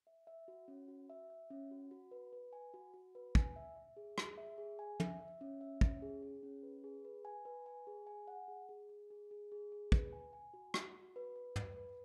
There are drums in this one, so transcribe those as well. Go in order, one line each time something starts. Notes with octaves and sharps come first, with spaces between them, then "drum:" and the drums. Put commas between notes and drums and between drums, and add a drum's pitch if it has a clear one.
E5
E5
F#4
C#4
F#4
E5
E5
C#4
F#4
F#4
B4
B4
G#5
F#4
F#4
B4
G#5, drum: kick
E5
E5
G#4
G#4, drum: rim click
E5
G#4
G#5
E5, drum: tom
E5
C#4
E5
C#4, drum: kick
G#4
G#4
C#4
B4
G#4
B4
G#5
B4
G#5
G#4
G#5
F#5
G#4
G#4
G#4
G#4
G#4
G#4
G#4
B4, drum: kick
G#5
G#5
F#4
F#4, drum: rim click
F#4
B4
B4
B4, drum: tom
B4